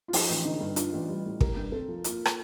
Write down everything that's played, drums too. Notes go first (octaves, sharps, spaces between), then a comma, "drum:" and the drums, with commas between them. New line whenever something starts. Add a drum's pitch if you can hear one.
F4
F3 D#4, drum: open hi-hat
A1
D3 D#4
G2
D4 F4, drum: hi-hat
A1
G3
A2
G4 A#4, drum: kick
G2
C4 A4
F3
A#3 F4, drum: hi-hat
drum: rim click